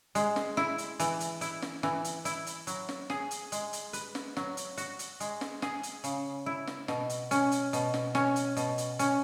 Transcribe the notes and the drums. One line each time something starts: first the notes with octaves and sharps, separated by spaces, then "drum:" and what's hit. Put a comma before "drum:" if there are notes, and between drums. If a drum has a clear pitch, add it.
G#3, drum: hi-hat
drum: snare
E4, drum: snare
drum: hi-hat
E3, drum: hi-hat
drum: hi-hat
E4, drum: hi-hat
drum: snare
E3, drum: snare
drum: hi-hat
E4, drum: hi-hat
drum: hi-hat
F#3, drum: hi-hat
drum: snare
G#4, drum: snare
drum: hi-hat
G#3, drum: hi-hat
drum: hi-hat
B4, drum: hi-hat
drum: snare
F#3, drum: snare
drum: hi-hat
F#4, drum: hi-hat
drum: hi-hat
G#3, drum: hi-hat
drum: snare
G#4, drum: snare
drum: hi-hat
C#3, drum: hi-hat
E4
drum: snare
B2, drum: snare
drum: hi-hat
C#4, drum: hi-hat
drum: hi-hat
B2, drum: hi-hat
drum: snare
C#4, drum: snare
drum: hi-hat
B2, drum: hi-hat
drum: hi-hat
C#4, drum: hi-hat